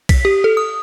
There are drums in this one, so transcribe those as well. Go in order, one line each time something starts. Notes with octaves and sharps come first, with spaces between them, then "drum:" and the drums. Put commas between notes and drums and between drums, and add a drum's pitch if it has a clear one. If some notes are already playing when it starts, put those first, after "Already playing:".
B6, drum: kick B1, cymbal
G4
A4
D#6